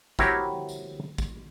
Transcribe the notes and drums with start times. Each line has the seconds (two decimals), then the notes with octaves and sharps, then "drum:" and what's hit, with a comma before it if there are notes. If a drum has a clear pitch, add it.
0.19 C4 E4 F#4 G4 A#4 C#5, drum: kick A1, tambourine
0.69 drum: tambourine
1.18 drum: kick A1, tambourine